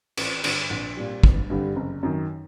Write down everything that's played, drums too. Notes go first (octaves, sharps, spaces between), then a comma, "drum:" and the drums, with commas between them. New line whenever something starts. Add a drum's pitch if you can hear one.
A1, drum: cymbal
G2 D3, drum: cymbal
A#1
A#2 G3
G1, drum: kick
G2 D3 G3
F#1
F#2 D#3